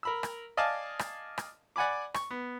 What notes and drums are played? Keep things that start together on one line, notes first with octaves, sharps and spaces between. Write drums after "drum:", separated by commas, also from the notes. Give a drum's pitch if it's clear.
A#4 B5 E6
drum: rim click
D5 D#5 F5 G#5 A5
drum: rim click
drum: rim click
D5 F#5 G#5 B5 D6
C#6, drum: rim click
B3